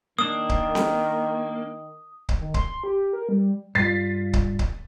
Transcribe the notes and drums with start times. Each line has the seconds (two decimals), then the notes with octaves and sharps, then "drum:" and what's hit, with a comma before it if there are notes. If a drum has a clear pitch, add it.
0.18 D#3 A#3 D4 D#6
0.49 drum: kick C#1
0.75 drum: snare C4
2.29 drum: kick C#1
2.40 D#3
2.54 C6, drum: kick C#1
2.84 G4
3.13 A#4
3.29 G3
3.75 G2 F4 A6 B6 C7
4.33 drum: kick C#1
4.59 drum: kick C#1